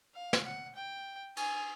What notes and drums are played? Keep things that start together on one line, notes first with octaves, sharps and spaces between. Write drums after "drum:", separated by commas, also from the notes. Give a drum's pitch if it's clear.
F5
drum: snare
F#5
G5
G#5, drum: cymbal